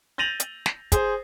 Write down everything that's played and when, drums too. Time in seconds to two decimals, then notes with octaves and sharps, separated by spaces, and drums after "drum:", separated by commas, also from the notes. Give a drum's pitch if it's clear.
0.18 G6 A6 A#6 D#7 F7 F#7
0.40 drum: hi-hat
0.66 drum: snare
0.92 G#4 C5, drum: kick, hi-hat